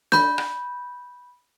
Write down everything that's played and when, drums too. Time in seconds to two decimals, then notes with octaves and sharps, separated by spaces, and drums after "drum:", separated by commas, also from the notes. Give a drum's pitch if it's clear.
0.12 B5 G6, drum: snare
0.38 drum: rim click